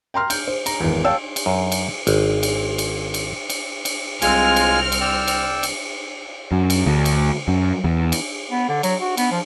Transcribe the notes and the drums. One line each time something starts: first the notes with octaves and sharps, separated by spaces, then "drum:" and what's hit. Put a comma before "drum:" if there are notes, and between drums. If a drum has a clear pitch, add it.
G5 A#5 C6 F6
G6, drum: cymbal
C5
A#5, drum: cymbal
G#1 E2
C#5 F5 G5 A5 E6
drum: cymbal
F#2
drum: cymbal
G#1, drum: cymbal
drum: cymbal
drum: cymbal
drum: cymbal
drum: cymbal
drum: cymbal
C2 G#3 C4 F4 G#5 F6, drum: cymbal
drum: cymbal
drum: cymbal
D5 G5 E6
drum: cymbal
drum: cymbal
F#2
drum: cymbal
D2
drum: cymbal
F#2
E2
drum: cymbal
B3
D3
F#3, drum: cymbal
F#4
B3, drum: cymbal
F3